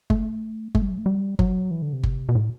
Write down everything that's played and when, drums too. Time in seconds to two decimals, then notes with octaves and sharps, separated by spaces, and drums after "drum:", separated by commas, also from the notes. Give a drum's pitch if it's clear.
0.10 A3, drum: kick G1
0.75 A3, drum: kick G1
0.82 G3
0.90 F#3
0.98 A3
1.06 G3
1.39 F#3, drum: kick G1
1.71 E3
1.82 D3
1.93 C3
2.03 drum: kick G1
2.29 B2
2.35 A2